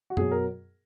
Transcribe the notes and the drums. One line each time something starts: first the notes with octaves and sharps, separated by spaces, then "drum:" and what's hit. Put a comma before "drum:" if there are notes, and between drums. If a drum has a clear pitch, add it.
F#4
B2 F#3 G#4, drum: tom F#2
A#4